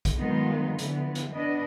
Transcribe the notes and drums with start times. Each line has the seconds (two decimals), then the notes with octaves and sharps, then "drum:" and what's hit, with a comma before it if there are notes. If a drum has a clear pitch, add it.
0.05 drum: kick, hi-hat
0.18 D#3 F#3 G#3 B3 D#4 F4
0.79 D3 E3 F3 B3, drum: hi-hat
1.15 drum: hi-hat
1.32 B3 D4 B4 D#5